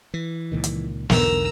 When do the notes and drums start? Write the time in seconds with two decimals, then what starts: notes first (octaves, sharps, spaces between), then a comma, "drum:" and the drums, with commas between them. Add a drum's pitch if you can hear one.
0.14 E3
0.52 C#2 A#2 D#3
0.64 drum: hi-hat
1.10 B1 E2 G#2 D3 A#4 A#5 E6, drum: snare